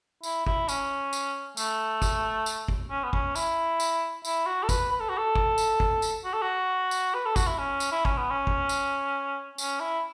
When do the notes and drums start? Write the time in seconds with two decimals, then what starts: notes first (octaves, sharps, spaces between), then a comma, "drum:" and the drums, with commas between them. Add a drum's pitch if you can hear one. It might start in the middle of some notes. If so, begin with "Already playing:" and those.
0.23 E4, drum: tambourine
0.47 E4, drum: kick
0.69 C#4, drum: tambourine
1.13 drum: tambourine
1.57 A3, drum: tambourine
2.02 drum: kick, tambourine
2.46 drum: tambourine
2.68 drum: kick
2.91 C#4
3.04 B3
3.13 C#4, drum: kick
3.36 E4, drum: tambourine
3.80 drum: tambourine
4.25 E4, drum: tambourine
4.46 F#4
4.63 A4
4.69 B4, drum: kick, tambourine
4.91 B4
5.00 A4
5.09 F#4
5.18 A4
5.36 drum: kick
5.58 drum: tambourine
5.80 drum: kick
6.02 drum: tambourine
6.25 F#4
6.34 A4
6.42 F#4
6.91 drum: tambourine
7.14 B4
7.26 A4
7.36 F#4, drum: kick, tambourine
7.47 E4
7.58 C#4
7.80 drum: tambourine
7.92 E4
8.05 C#4, drum: kick
8.18 B3
8.30 C#4
8.47 drum: kick
8.69 drum: tambourine
9.58 C#4, drum: tambourine
9.80 E4